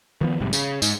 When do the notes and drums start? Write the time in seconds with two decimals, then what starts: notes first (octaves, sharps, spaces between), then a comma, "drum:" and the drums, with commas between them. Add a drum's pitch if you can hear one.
0.21 D#3 F3 B3
0.41 A#1 G#2 C3 G3
0.53 C#3, drum: tambourine
0.82 G#2, drum: tambourine